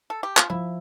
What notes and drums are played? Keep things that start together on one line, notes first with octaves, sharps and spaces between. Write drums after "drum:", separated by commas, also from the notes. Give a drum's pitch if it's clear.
A4
G4
F4, drum: clap
F3 E4